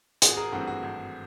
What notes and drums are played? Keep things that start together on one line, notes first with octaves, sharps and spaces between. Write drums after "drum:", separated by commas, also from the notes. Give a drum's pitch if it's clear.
G#1 F#4 G#4, drum: hi-hat
G#4 A#4
G2 E3 A3 C4 F#4
F#4
G#1